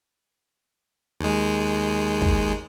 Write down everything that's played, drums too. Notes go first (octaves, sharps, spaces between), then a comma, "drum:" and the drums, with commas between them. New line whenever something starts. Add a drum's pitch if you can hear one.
D#2 G#3
drum: kick